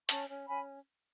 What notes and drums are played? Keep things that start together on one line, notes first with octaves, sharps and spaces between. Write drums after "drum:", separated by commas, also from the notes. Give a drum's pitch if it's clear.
C#4 A5 C#6, drum: hi-hat
C#4
C#4 G#5 B5